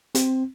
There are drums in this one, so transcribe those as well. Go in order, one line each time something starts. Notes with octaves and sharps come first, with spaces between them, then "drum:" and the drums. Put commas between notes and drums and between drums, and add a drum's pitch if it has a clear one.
C4, drum: hi-hat